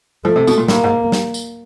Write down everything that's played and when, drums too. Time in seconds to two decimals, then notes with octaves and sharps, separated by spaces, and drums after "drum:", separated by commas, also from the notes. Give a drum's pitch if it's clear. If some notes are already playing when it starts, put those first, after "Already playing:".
0.25 F3 A3
0.36 C3
0.47 B2, drum: tambourine
0.58 A#2
0.68 A2 A#3, drum: snare
0.84 G#2
1.12 drum: snare
1.34 drum: tambourine